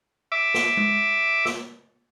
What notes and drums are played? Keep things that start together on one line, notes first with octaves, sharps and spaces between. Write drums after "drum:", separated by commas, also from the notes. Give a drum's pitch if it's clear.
E5 D6
drum: snare
drum: tom G#3
drum: snare